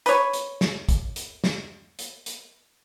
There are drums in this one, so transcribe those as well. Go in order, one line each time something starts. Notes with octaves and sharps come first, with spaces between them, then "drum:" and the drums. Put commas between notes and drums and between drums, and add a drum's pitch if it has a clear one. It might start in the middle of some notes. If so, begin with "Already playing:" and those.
B4 C#5, drum: hi-hat
drum: hi-hat
drum: snare
drum: kick, hi-hat
drum: hi-hat
drum: snare
drum: hi-hat
drum: hi-hat